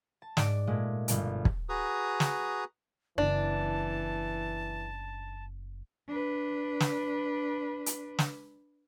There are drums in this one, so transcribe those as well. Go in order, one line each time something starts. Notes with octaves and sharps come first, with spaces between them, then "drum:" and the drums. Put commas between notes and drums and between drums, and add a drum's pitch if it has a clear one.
A5
G#2 D5 D7, drum: snare
A#2 G#3 A3
G1 B2, drum: hi-hat
drum: kick
F#4 G#4 B4 A#5 D#6
drum: snare
F#1 E3 B3 D4 A5
D4 B4
drum: snare
drum: hi-hat
drum: snare